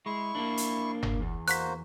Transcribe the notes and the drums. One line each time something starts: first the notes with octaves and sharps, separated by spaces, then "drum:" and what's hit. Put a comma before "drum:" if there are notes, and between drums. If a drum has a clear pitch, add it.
G#3 E4 C#6
A#3 D4
drum: hi-hat
drum: tom F#1
E2
A#3 F#4 C5 F#6 B6, drum: hi-hat